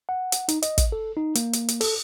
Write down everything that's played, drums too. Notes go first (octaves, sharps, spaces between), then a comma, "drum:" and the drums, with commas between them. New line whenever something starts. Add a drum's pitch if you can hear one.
F#5
drum: hi-hat
D#4, drum: hi-hat
D#5, drum: hi-hat
drum: kick, hi-hat
A4
D#4
A#3, drum: hi-hat
drum: hi-hat
drum: hi-hat
A4, drum: open hi-hat